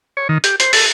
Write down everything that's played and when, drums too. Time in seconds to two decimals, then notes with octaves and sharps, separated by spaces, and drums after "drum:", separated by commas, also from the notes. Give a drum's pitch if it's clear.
0.17 C#5
0.29 D#3
0.44 G4, drum: hi-hat
0.60 C5, drum: hi-hat
0.73 A4, drum: open hi-hat